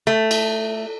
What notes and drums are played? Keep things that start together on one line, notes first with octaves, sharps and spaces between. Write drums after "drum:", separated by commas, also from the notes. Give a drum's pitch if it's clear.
A3
drum: cymbal